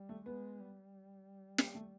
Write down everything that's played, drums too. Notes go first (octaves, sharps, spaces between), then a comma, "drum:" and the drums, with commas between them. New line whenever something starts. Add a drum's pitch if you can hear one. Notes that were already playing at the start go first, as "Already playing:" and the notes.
Already playing: G3
A3
G#3 B3
G3
A#3, drum: snare
A3